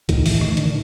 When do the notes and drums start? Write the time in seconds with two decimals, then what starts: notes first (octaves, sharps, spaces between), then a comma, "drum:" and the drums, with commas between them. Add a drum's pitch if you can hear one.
0.09 A2 D#3, drum: kick B1, hi-hat
0.26 A2 E3, drum: open hi-hat
0.41 D#3, drum: rim click
0.51 A2
0.57 D3, drum: hi-hat
0.65 D#3